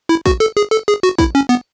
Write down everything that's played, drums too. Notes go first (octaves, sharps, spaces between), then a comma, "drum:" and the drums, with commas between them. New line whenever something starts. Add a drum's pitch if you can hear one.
E4
F#4, drum: kick, tambourine
A4, drum: tambourine
G#4, drum: tambourine
A4, drum: tambourine
G#4, drum: tambourine
F#4, drum: tambourine
E4, drum: kick, tambourine
C#4
B3, drum: tambourine